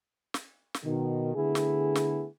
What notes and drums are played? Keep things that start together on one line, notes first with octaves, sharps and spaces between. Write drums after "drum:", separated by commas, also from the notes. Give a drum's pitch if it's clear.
drum: snare
drum: snare
B2 D#3
D3 A3 B3 E4 G#4
drum: snare
drum: snare